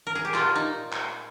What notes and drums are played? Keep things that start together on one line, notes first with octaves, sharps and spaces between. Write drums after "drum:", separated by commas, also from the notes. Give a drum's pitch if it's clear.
A#4
G#4
G4
A#2 F4, drum: clap
D#4
drum: clap